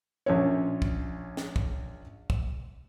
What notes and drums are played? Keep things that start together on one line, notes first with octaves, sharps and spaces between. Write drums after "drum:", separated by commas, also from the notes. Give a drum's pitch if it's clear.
A#1 C#4 C#5
drum: kick
drum: snare
drum: kick
drum: kick